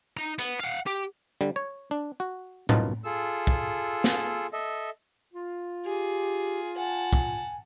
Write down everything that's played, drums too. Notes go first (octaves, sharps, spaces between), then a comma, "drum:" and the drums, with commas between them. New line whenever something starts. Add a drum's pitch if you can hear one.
D#4 A#5
B3, drum: hi-hat
F5 F#5
G4
D3 G3
C#5
D4
F#4
C2 F#2 B2 D#4 F4 A5, drum: tom A2
F4 G#4 A4 E6
drum: kick
drum: snare
A4 D#5 E5
F4
G4 G#4
F#5 G#5 A5
drum: kick